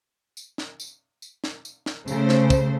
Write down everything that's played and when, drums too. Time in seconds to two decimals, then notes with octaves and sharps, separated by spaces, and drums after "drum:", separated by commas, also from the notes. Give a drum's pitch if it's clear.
0.37 drum: tambourine
0.58 drum: snare
0.80 drum: tambourine
1.22 drum: tambourine
1.44 drum: snare
1.65 drum: tambourine
1.86 drum: snare
2.08 C#3 A3 C5, drum: tambourine
2.29 drum: snare
2.50 drum: kick, tambourine